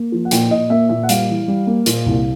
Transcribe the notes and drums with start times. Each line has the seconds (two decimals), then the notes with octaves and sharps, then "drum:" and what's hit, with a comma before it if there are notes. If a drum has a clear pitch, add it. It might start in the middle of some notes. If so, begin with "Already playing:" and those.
Already playing: A#3
0.12 F3
0.25 F#5
0.31 A#2 G5, drum: hi-hat
0.51 A#2 D#5
0.70 A#3 E5
0.89 A#2 E5
1.03 F#5
1.09 G3 F5, drum: hi-hat
1.28 E3
1.48 G3
1.67 A#3
1.86 A#2, drum: hi-hat
2.06 C2